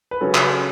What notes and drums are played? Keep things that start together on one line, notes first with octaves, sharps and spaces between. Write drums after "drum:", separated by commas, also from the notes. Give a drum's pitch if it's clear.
B4
C#3 F#3 C#4 A4
drum: clap